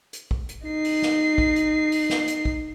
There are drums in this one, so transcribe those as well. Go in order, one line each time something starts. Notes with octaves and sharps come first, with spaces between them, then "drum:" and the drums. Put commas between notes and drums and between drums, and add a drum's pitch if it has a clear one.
drum: hi-hat
drum: kick
drum: hi-hat
D#4 C7
drum: open hi-hat
drum: snare
drum: kick
drum: hi-hat
drum: open hi-hat
drum: snare
drum: hi-hat
drum: kick